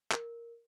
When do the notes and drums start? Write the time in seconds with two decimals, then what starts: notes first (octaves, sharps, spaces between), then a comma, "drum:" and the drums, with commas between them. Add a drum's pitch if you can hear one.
0.12 A#4, drum: clap